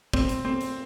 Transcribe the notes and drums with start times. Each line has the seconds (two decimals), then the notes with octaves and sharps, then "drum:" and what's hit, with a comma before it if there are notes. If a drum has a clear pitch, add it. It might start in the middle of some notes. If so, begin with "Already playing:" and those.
0.13 C4, drum: kick
0.29 drum: hi-hat
0.45 C4
0.61 drum: hi-hat